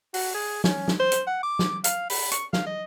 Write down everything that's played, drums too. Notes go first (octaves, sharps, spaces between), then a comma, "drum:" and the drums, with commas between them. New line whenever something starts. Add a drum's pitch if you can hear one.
F#4, drum: open hi-hat
G#4
C#4, drum: snare
drum: snare
C5
drum: hi-hat
F#5
D6
drum: snare
F5, drum: hi-hat
B5, drum: open hi-hat
C#6, drum: hi-hat
F5, drum: snare
D#5